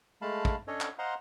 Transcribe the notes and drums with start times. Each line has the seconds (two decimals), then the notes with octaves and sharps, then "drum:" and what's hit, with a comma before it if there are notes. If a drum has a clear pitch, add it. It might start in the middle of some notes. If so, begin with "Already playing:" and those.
0.22 G#3 A3 F5 A5 B5
0.45 drum: kick
0.68 C#4 D4 A4 C#5 D#5
0.81 drum: clap
0.99 C5 D#5 F5 F#5 A#5 C6